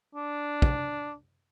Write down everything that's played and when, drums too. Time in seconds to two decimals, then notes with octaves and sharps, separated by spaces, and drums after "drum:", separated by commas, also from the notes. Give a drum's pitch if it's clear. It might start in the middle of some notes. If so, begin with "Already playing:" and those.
0.15 D4
0.62 drum: kick